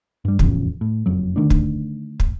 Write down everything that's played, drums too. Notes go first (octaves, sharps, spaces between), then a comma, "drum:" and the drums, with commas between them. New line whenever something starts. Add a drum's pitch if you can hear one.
G2 G3
E1 A1 F2 C#3, drum: kick
A2
F#1 F2 F#3
D3 D#3 A3 D4
drum: kick
drum: kick